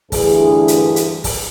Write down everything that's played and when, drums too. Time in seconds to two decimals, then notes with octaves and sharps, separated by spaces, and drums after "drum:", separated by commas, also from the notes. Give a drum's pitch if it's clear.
0.12 D2 G2 E3 G#4 B4, drum: kick, open hi-hat
0.68 drum: hi-hat
0.96 drum: hi-hat
1.24 drum: kick, open hi-hat